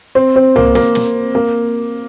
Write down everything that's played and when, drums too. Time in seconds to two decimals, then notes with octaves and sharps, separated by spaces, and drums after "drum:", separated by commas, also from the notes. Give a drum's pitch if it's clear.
0.15 C4
0.36 C4
0.56 A#3, drum: tom C2
0.75 A#3, drum: snare
0.95 drum: snare
1.35 A#3